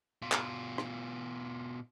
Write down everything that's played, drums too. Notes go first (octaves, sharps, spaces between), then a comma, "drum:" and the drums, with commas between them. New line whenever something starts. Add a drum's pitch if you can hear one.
B2 F4
drum: clap
drum: rim click